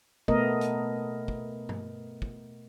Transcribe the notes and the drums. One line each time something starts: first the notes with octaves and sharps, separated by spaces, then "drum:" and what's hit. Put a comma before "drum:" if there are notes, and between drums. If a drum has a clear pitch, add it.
B2 A3 B3 A#4 D#5, drum: kick
drum: hi-hat
drum: kick
drum: tom G2
drum: kick